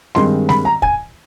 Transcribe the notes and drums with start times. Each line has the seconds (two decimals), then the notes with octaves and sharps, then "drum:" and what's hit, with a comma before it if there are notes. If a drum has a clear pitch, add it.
0.15 G2 D#3 G#3 C4 C6, drum: snare G3
0.49 B5, drum: snare G3
0.65 A#5
0.82 G#5, drum: kick